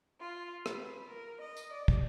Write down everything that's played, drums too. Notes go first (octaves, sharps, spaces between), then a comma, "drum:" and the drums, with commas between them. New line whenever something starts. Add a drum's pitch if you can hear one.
F4
B4, drum: rim click
A#4
D#5
drum: tambourine
D5
drum: kick